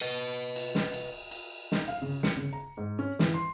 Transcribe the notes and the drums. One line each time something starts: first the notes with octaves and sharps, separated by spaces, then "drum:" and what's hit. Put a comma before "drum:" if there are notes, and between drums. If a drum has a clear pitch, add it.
B4 D#5
drum: cymbal
drum: snare
drum: cymbal
drum: cymbal
D#4, drum: snare
F5
C#3
C#7, drum: snare
C#3
A#5
G#2
C#4
E3, drum: snare
C6